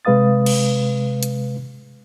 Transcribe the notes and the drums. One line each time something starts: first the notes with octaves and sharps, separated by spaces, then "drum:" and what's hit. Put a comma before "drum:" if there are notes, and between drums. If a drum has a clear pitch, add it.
C3 G#3 B4 F5 D#6 A6
drum: cymbal
drum: hi-hat